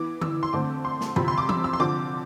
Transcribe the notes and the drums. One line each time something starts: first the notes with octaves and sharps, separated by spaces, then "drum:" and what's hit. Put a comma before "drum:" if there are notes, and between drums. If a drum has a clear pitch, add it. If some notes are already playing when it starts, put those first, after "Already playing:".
Already playing: E3 B3 D6
E6, drum: tom D3
C6
D3 A3 C4 D6
C6
drum: snare
C3 F3 C4 B5, drum: tom D3
C6
D6
E6, drum: tom E3
E6
C6
D3 F3 C4 D6